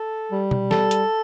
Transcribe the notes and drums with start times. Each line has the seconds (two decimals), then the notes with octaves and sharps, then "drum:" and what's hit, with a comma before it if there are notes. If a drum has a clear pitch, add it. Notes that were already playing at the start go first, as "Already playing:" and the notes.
Already playing: A4
0.32 G3
0.51 drum: tom B2
0.71 A4, drum: snare
0.91 drum: hi-hat